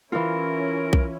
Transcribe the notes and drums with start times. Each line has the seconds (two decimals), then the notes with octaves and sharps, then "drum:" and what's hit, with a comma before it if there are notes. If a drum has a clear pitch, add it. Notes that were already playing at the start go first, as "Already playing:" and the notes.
0.12 E3 C#4 E4 F4 A#4
0.93 drum: kick B1